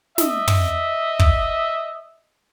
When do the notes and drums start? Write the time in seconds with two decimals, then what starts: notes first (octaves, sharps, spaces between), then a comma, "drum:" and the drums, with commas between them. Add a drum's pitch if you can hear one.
0.18 D#5 E5, drum: snare
0.48 drum: tom
1.19 drum: kick